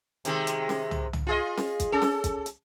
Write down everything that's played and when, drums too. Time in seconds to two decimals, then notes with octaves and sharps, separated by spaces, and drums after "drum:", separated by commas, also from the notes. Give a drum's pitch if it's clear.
0.25 C3 D#3 G#3, drum: hi-hat
0.47 drum: hi-hat
0.69 drum: snare C#4
0.91 drum: tom
1.13 drum: tom
1.27 F4 G#4 D#5
1.57 drum: snare C#4
1.80 drum: kick, hi-hat
1.92 C#4 A4
2.02 drum: snare C#4
2.24 drum: kick, hi-hat
2.46 drum: hi-hat